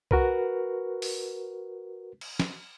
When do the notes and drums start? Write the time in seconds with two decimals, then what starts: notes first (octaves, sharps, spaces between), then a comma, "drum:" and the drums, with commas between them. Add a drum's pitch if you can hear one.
0.11 F#4 A#4 B4, drum: kick B1
1.02 drum: open hi-hat
2.21 drum: cymbal
2.40 drum: snare